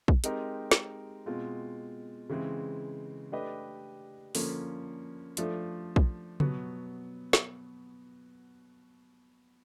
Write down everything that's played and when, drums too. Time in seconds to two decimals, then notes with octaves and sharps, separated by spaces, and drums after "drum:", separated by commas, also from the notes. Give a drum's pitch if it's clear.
0.08 drum: kick A#1
0.24 G#3 C4 D#4 G4 A#4, drum: hi-hat
0.71 drum: snare
1.26 B2 G#3 C4 F4
2.29 C#3 E3 G#3 C4
3.32 A3 D4 G4 B4 D#5
4.35 D3 F3 A#3 C#4, drum: open hi-hat
5.37 F3 A3 D4 F4, drum: hi-hat
5.96 drum: kick A#1
6.40 B2 F#3 B3, drum: tom C#3
7.33 drum: snare